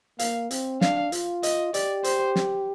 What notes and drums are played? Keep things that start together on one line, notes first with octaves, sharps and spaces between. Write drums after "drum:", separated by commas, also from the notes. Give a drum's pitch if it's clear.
A#3 F5, drum: hi-hat
C4, drum: hi-hat
D4 F5, drum: snare
F4, drum: hi-hat
D#5, drum: hi-hat
G4 D5, drum: hi-hat
C5, drum: hi-hat
drum: snare